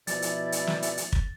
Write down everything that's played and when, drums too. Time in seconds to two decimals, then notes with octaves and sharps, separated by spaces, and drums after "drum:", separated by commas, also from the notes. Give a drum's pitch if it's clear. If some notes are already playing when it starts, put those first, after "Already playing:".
0.07 B2 F3 E4 D5 A6, drum: hi-hat
0.22 drum: hi-hat
0.52 drum: hi-hat
0.67 drum: snare
0.82 drum: hi-hat
0.97 drum: hi-hat
1.12 drum: kick